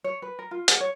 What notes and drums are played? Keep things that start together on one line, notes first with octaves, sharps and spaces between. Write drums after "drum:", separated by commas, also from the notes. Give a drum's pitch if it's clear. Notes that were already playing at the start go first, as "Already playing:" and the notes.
C#5
B4
A#4
F4
F#5, drum: hi-hat
C#5